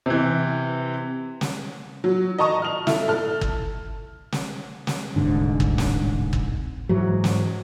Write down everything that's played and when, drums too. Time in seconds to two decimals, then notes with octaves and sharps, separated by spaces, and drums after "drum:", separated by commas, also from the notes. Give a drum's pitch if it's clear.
0.06 C3 E3
1.41 drum: snare
2.04 F#3
2.39 D#5 A5 A#5 C#6 D#6
2.62 F6 F7
2.87 E4 A4, drum: snare
3.08 A4 F6
3.41 drum: kick
4.32 drum: snare
4.87 drum: snare
5.16 D1 C2 G#2 D3
5.60 drum: kick
5.78 drum: snare
6.33 drum: kick
6.89 G#2 E3 F#3
7.24 drum: snare